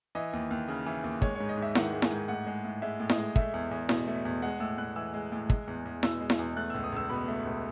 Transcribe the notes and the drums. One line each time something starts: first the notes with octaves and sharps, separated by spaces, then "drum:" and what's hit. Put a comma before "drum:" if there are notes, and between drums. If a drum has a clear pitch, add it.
E3 D#5
D#2
D#2
C#3
E3
D#2
G#3 C#5, drum: kick
G#2 C#5
D#5
G#2 E5
D#3 F#5, drum: snare E4
G#3
G#5, drum: snare E4
G#2
A2 F#5
G#3
A2
G#3 E5
A2
D#5, drum: snare E4
G#3
A3 E5, drum: kick
E2
E2
B2, drum: snare E4
A3
E2
G#3 F#5
A2 E6
A2 F#6
E3 E6
G#3
A2
G#3, drum: kick
E2
E2
B2 E6, drum: snare E4
G#3
drum: snare E4
E2
A3 F#6
C#2 E6
D#6
C#2 E6
B2 B5
A3
C#2